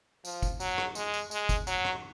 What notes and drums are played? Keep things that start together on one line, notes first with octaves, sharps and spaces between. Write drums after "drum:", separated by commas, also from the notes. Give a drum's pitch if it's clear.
F3, drum: tambourine
drum: kick F#1, tambourine
F#3, drum: tambourine
drum: rim click
G#3, drum: tambourine
drum: tambourine
G#3, drum: tambourine
drum: kick F#1, tambourine
F#3, drum: tambourine
drum: rim click